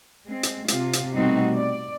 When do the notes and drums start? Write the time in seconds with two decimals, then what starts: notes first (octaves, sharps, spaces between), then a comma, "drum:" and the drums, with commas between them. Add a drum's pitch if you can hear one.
0.23 G#3 C4
0.43 drum: hi-hat
0.68 C3 F4, drum: hi-hat
0.93 drum: hi-hat
1.14 B2 G3 A3 C4 D#4 F#4
1.54 D5